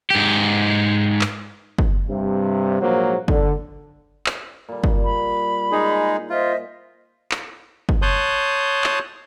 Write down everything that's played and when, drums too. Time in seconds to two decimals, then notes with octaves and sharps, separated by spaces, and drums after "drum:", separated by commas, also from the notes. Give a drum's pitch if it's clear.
0.10 G#2 G4
1.21 drum: clap
1.78 drum: kick
2.09 G2 C3
2.81 A#1 G#2 F#3 A#3 C5
3.28 D3, drum: kick
4.26 drum: clap
4.69 A#2 G3
4.84 drum: kick
5.03 B5
5.72 G#3 D#4 G#4 G#5
6.30 F4 C5 D#5 E5
7.31 drum: clap
7.89 drum: kick
8.02 C#5 A5 C6 D#6 F#6 G6
8.84 drum: clap